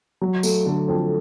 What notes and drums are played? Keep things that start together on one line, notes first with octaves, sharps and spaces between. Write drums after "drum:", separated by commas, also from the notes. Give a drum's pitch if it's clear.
F#3
A3, drum: tambourine
D3
F2